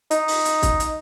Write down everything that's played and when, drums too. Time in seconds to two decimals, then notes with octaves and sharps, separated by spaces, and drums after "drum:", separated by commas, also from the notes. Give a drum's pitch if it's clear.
0.11 D#4, drum: hi-hat
0.28 drum: open hi-hat
0.45 drum: hi-hat
0.63 drum: kick, hi-hat
0.80 drum: hi-hat